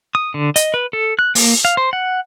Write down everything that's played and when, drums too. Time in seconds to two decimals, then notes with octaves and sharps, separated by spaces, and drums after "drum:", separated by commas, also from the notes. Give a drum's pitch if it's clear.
0.15 D#6
0.34 D3
0.56 D#5, drum: hi-hat
0.74 B4
0.93 A4
1.19 F#6
1.35 A#3, drum: open hi-hat
1.65 F5
1.77 C5
1.93 F#5